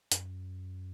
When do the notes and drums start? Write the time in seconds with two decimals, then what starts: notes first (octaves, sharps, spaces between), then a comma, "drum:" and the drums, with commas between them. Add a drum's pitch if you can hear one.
0.12 F#2, drum: hi-hat